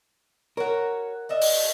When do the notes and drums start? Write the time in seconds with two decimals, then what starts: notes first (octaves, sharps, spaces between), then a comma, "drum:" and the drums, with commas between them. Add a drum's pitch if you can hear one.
0.57 F#4 A#4 C#5
1.29 D4 D#5 E5
1.42 drum: open hi-hat